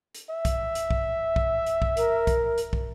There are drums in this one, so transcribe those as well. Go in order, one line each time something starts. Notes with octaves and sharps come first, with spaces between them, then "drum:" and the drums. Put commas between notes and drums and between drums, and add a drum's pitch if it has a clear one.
drum: hi-hat
E5
drum: kick, hi-hat
drum: hi-hat
drum: kick
drum: kick
drum: hi-hat
drum: kick
A#4, drum: hi-hat
drum: kick, hi-hat
drum: hi-hat
drum: kick